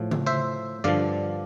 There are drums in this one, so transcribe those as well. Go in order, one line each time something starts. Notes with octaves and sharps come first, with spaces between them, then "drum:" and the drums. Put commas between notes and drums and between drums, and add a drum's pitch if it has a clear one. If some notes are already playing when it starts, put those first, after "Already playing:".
Already playing: A2 F3
drum: tom C#3
C5 E5
G2 D3 F3 D5 F5